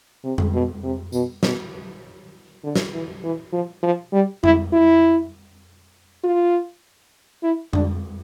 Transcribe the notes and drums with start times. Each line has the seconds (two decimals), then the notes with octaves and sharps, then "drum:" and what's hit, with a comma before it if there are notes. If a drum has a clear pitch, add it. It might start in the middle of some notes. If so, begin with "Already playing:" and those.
0.24 C3
0.38 drum: tom F2
0.53 B2
0.83 C3
1.12 B2, drum: tambourine
1.43 B2, drum: snare
2.64 D3
2.76 drum: snare
2.93 E3
3.24 E3
3.52 F3
3.83 F3
4.12 G3
4.44 E4, drum: tom F2
4.73 E4
6.24 F4
7.43 E4
7.73 D4, drum: tom F2